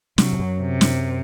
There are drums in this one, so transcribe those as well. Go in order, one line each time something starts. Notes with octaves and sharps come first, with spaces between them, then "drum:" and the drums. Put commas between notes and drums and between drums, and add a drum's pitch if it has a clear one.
C3 F#3, drum: snare
G#2
F#2
C3
drum: snare